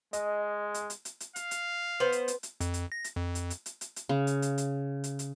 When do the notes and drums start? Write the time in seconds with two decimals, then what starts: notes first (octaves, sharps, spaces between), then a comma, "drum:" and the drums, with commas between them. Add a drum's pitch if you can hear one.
0.13 G#3 D#5, drum: hi-hat
0.74 drum: hi-hat
0.90 drum: hi-hat
1.05 drum: hi-hat
1.20 drum: hi-hat
1.36 F5, drum: hi-hat
1.51 drum: hi-hat
2.00 B3 B4 C5
2.12 drum: hi-hat
2.28 drum: hi-hat
2.43 drum: hi-hat
2.61 F2, drum: hi-hat
2.74 drum: hi-hat
2.92 A#6
3.04 drum: hi-hat
3.16 F2
3.35 drum: hi-hat
3.50 drum: hi-hat
3.66 drum: hi-hat
3.81 drum: hi-hat
3.96 drum: hi-hat
4.09 C#3
4.27 drum: hi-hat
4.42 drum: hi-hat
4.58 drum: hi-hat
5.04 drum: hi-hat
5.19 drum: hi-hat